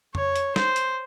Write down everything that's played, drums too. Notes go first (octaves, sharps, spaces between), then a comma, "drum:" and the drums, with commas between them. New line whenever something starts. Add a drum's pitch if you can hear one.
C#5, drum: tom F2
drum: hi-hat
C5, drum: snare
drum: hi-hat